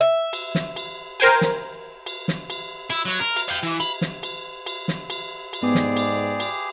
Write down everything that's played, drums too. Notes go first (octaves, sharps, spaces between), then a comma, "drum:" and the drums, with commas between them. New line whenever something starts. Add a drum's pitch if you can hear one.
E5
drum: cymbal
drum: snare
drum: cymbal
A#4 C5 G5 G#5, drum: cymbal
drum: snare
drum: cymbal
drum: snare
drum: cymbal
E4, drum: cymbal
F#3 F#4
A#4
drum: cymbal
F5 G5
E3
B5, drum: cymbal
drum: snare
drum: cymbal
drum: cymbal
drum: snare
drum: cymbal
drum: cymbal
G#2 B3 G4 G#4 D5
drum: snare
drum: cymbal
drum: cymbal